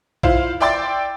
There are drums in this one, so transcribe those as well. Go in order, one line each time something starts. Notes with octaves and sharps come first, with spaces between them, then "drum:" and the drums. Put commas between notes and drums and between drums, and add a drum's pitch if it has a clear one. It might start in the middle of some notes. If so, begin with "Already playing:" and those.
E4 F4 C5 F5, drum: kick A1
D5 E5 G5 C6 D6 A6